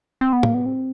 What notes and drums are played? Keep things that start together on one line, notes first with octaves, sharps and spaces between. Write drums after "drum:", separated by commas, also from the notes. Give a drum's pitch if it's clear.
C4
B3
A#3, drum: tom A2
B3
C4